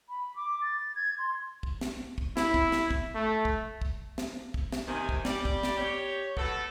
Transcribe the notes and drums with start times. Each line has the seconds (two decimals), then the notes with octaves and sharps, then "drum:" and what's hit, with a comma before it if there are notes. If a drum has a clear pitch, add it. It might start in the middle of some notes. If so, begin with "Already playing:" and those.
0.09 B5
0.36 D6
0.62 A6
0.95 G#6
1.18 C6
1.63 drum: kick
1.81 drum: snare
2.18 drum: kick
2.37 E4, drum: snare
2.54 drum: kick
2.72 drum: snare
2.91 drum: kick
3.15 A3
3.45 drum: kick
3.82 drum: kick
4.18 drum: snare
4.54 drum: kick
4.72 drum: snare
4.88 C3 D#3 G#5
5.09 drum: kick
5.25 G3 D5, drum: snare
5.45 drum: kick
5.63 drum: snare
5.77 G4 C#5
6.37 F#3 A3 B3 A4, drum: kick